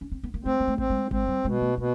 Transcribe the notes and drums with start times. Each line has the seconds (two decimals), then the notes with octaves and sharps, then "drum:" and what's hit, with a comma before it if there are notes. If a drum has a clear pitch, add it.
0.01 C#4
0.12 C4
0.23 B3
0.34 A#3
0.45 A3 C4
0.60 A#3
0.68 A3
0.78 C4, drum: kick G#1
0.90 G#3
1.11 G#3 C4, drum: kick G#1
1.28 G3
1.45 B2 G#3
1.61 A3
1.77 B2 A#3